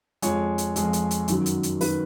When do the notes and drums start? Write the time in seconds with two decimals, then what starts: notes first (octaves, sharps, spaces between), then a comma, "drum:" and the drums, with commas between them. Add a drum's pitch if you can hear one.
0.22 F2 F3 G#3 C#5, drum: hi-hat
0.58 drum: hi-hat
0.76 F2 F3 G#3, drum: hi-hat
0.93 drum: hi-hat
1.11 drum: hi-hat
1.28 F#2 D#3 F#3, drum: hi-hat
1.46 drum: hi-hat
1.63 drum: hi-hat
1.81 D#3 F#3 B4, drum: open hi-hat